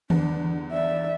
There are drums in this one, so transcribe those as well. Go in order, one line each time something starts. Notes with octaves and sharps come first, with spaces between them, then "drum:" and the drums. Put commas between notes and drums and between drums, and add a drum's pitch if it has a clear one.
E2 G2 D3 D4, drum: tom D#3
D5 E5